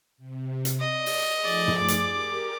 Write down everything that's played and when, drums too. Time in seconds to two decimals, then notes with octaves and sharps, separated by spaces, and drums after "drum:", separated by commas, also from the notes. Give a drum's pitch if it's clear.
0.18 C3
0.65 drum: hi-hat
0.80 D5 D#5
1.06 drum: open hi-hat
1.42 F3 A3 D#4 G#4 D5
1.68 drum: tom
1.78 D6
1.88 drum: hi-hat
2.09 G4 A#4